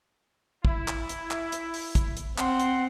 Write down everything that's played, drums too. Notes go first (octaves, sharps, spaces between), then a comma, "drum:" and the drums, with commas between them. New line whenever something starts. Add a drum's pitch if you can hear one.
E4, drum: kick
drum: clap
drum: hi-hat
drum: clap
drum: hi-hat
drum: open hi-hat
drum: kick, hi-hat
drum: hi-hat
C4 F#5 C6, drum: clap
drum: hi-hat